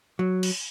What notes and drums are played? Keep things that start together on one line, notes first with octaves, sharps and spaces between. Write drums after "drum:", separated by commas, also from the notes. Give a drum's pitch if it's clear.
F#3
drum: cymbal